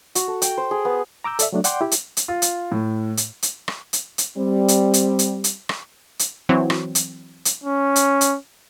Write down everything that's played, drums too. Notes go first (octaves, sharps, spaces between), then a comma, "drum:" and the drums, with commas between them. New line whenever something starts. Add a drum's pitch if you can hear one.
F#4, drum: hi-hat
A4
G5, drum: hi-hat
C5
G#4
B3
A#5 D6 E6 G6
A4 D5 E5, drum: hi-hat
F#3 A3 D4
D5 F#5 G5 C6 D6 G6, drum: hi-hat
E4 G4
drum: hi-hat
drum: hi-hat
F4
drum: hi-hat
A2
drum: hi-hat
drum: hi-hat
drum: rim click
drum: hi-hat
drum: hi-hat
G3 C4
drum: hi-hat
drum: hi-hat
drum: hi-hat
drum: hi-hat
drum: rim click
drum: hi-hat
E3 F#3 C4
drum: rim click
drum: hi-hat
drum: hi-hat
C#4
drum: hi-hat
drum: hi-hat